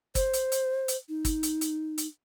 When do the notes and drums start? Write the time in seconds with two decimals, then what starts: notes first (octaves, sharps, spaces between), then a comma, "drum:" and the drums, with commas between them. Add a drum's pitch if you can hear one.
0.15 C5, drum: kick, hi-hat
0.33 drum: hi-hat
0.52 drum: hi-hat
0.88 drum: hi-hat
1.09 D#4
1.25 drum: kick, hi-hat
1.43 drum: hi-hat
1.61 drum: hi-hat
1.98 drum: hi-hat